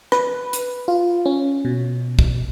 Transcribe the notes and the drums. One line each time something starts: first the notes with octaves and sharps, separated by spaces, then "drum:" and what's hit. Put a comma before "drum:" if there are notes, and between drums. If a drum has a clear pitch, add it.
B4, drum: rim click
drum: hi-hat
F4
C#4
B2
drum: kick